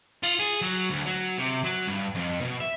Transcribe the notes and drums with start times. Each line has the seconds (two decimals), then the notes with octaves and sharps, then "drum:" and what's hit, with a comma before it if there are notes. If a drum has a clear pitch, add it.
0.23 F4, drum: cymbal
0.39 G#4
0.62 F#3
0.90 D2
1.06 F#3
1.38 C3
1.64 F#3
1.88 G2
2.15 F2
2.41 B2
2.61 E5